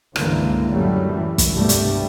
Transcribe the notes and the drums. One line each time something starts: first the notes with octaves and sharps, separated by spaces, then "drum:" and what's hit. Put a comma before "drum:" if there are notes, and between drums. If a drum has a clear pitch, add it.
C#2 G2 D3 E3 A#3, drum: rim click
F#2 A2 F#3 G3 A3
E3
drum: kick, hi-hat
G1 C2 G2 B2 G3 A3
drum: hi-hat